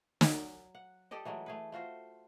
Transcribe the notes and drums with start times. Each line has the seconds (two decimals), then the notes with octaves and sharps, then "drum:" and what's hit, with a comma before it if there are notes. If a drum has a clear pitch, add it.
0.21 F#3, drum: snare
0.75 F#5
1.11 G4 A4 D5 D#5
1.25 E3 F#3 G#3 A3
1.46 A3 G#4 B4
1.72 A3 F4 F#4 C5